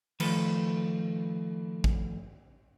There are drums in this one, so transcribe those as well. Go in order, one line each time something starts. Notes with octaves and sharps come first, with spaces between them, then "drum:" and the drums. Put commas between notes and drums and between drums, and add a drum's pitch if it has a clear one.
D#3 F3 A3 A4 B4, drum: cymbal
drum: kick A1